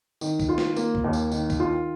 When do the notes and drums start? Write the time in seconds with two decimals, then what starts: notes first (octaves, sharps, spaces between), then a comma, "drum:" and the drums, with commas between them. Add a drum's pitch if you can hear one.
0.21 D#3, drum: tambourine
0.39 drum: kick C2, tambourine
0.49 F4
0.58 drum: snare
0.76 A#3, drum: tambourine
0.95 drum: kick C2
1.04 D#2
1.13 drum: tambourine
1.32 D#3, drum: tambourine
1.50 drum: kick C2, tambourine
1.59 F4